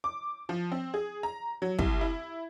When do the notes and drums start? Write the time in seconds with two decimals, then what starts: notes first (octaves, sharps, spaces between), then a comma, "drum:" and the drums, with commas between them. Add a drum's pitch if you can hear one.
0.04 D6
0.49 F3
0.72 C4
0.94 G#4
1.23 A#5
1.62 F#3
1.79 C2, drum: kick
2.01 E4